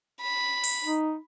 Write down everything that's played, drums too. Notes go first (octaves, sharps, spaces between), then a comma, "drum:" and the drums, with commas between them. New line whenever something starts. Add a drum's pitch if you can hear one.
B5
drum: open hi-hat
D#4